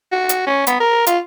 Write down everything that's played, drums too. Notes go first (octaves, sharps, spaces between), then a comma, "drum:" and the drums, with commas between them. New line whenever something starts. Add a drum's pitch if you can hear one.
F#4
drum: hi-hat
C#4
B3, drum: hi-hat
A#4
F4, drum: hi-hat